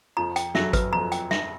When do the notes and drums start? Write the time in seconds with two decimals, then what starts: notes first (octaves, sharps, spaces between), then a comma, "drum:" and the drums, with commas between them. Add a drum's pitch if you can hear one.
0.17 F2 F3 A#5
0.36 G5, drum: hi-hat
0.55 F#2 F#3 E5, drum: snare
0.73 B4, drum: kick G#1, hi-hat
0.93 F2 F3 A#5
1.12 G5, drum: hi-hat
1.31 E5, drum: snare